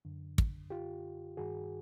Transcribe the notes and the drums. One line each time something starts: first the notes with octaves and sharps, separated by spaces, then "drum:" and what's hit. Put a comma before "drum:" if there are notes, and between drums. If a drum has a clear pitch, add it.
F#2 D3
drum: kick
F4 G4
G2 D#3 F#4 G#4